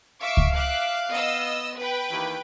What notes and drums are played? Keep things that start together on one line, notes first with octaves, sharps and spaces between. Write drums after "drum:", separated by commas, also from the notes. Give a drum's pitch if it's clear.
E5 F5 C#6 D6
drum: kick C#2
E5 D6 F#6
B3 D#5 E6
B4 G5
D#2 E3